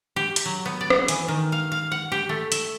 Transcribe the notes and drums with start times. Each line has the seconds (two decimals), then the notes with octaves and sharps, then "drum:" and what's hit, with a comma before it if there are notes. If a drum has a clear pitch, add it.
0.16 G4
0.36 drum: hi-hat
0.45 F#3
0.66 B3
0.81 D5
0.90 drum: rim click
1.08 E3, drum: hi-hat
1.28 D#3
1.52 F5
1.72 F5
1.92 F#5
2.12 G4
2.29 A3
2.52 E5, drum: hi-hat